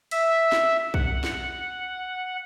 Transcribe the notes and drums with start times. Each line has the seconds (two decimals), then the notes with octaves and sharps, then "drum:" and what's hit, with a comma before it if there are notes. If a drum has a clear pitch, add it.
0.11 E5, drum: cymbal
0.52 drum: snare
0.94 F#5, drum: kick
1.24 drum: snare